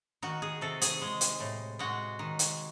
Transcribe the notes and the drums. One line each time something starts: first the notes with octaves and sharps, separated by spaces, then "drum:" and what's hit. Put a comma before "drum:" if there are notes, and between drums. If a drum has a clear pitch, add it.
D#3 F#4
G#4
C3 A4
G#4, drum: hi-hat
G#3
drum: hi-hat
A2
G#3 F#4
D#3
drum: hi-hat